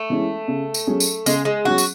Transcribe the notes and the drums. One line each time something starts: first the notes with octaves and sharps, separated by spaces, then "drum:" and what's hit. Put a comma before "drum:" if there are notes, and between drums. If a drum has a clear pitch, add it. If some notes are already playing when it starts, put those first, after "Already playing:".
Already playing: A3
E3 G#3 C#4
C#3
drum: tambourine
F#3 C#4 G#4
drum: tambourine
C#3 G#3, drum: tambourine
G#3
F#3 C#4 F#4 G#4
drum: tambourine